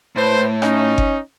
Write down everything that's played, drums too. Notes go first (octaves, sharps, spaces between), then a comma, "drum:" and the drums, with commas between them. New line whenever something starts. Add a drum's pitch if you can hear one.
A2 B4 C5
C#4 D#4, drum: rim click
drum: kick G1